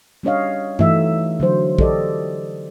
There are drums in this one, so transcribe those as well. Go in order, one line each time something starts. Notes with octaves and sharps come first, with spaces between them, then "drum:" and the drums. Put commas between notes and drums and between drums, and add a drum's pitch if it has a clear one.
G3 C#4 D4 C#5 D#5 F5
E3 A3 D#4 E5, drum: tom G2
D3 F#3 C5
G4 A4 D5 D#5, drum: kick A#1